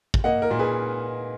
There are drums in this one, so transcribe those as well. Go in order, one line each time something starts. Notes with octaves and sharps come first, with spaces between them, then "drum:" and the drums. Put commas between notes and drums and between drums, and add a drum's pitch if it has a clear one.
drum: kick
A#3 D#5 F#5
A#4
A#2
G#4 B4